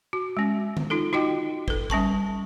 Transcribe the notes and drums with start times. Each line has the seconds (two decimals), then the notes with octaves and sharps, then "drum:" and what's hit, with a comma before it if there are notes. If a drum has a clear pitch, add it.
0.13 F#4
0.37 G#3 C#4
0.77 drum: tom D3
0.90 D#4 F4 A4
1.13 D#4 F4 F#4 D#5 G5
1.68 A4 B4, drum: kick
1.90 G3 C#4 A5 C#6, drum: kick